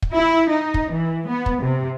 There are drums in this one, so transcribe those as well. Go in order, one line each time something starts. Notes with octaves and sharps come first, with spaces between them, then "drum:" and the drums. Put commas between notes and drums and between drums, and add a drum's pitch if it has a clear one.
drum: kick
E4
D#4
drum: kick
E3
B3
drum: kick
C3